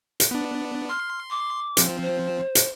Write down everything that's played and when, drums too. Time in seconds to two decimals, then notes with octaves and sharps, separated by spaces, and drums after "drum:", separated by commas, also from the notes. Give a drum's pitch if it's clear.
0.20 drum: hi-hat
0.31 B3 D4
0.89 C6 F6
1.31 D6
1.77 F3 C4, drum: hi-hat
2.03 C5
2.55 drum: hi-hat